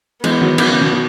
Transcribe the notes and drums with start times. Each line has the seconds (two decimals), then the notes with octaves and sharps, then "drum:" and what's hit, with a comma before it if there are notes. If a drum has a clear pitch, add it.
0.24 E3 G#3 B3, drum: cymbal
0.41 D#3 F#3
0.58 D#3 F#3, drum: cymbal
0.69 C#3 E3
0.81 B2 D#3
0.93 B2 D#3